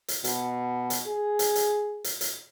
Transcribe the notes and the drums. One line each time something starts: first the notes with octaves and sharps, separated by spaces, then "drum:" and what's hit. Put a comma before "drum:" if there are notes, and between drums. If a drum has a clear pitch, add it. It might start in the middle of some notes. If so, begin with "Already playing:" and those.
drum: hi-hat
B2, drum: hi-hat
drum: hi-hat
G#4
drum: hi-hat
drum: hi-hat
drum: hi-hat
drum: hi-hat